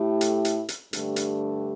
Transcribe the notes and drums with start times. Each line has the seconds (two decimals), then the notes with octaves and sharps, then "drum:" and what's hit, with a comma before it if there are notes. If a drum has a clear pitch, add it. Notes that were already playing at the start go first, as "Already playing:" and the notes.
Already playing: A2 A3 E4 G4
0.21 drum: hi-hat
0.45 drum: hi-hat
0.69 drum: hi-hat
0.93 G2 D3 A3 D4 G4, drum: hi-hat
1.16 drum: hi-hat